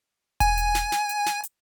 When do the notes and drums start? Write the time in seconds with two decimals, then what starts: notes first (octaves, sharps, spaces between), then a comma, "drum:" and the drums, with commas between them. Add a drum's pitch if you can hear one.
0.40 G#5, drum: kick E1, hi-hat
0.58 drum: hi-hat
0.75 drum: snare
0.92 drum: snare
1.09 drum: hi-hat
1.26 drum: snare
1.44 drum: hi-hat